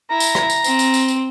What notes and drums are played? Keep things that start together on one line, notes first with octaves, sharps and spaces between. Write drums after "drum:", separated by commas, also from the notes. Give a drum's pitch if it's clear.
E4 A#5
drum: tambourine
drum: rim click
drum: tambourine
C4, drum: tambourine
drum: tambourine
drum: tambourine
drum: tambourine